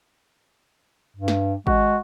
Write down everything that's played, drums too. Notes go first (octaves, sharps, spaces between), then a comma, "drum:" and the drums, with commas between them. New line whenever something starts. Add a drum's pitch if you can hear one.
G2
drum: snare
G#3 F#4, drum: kick G#1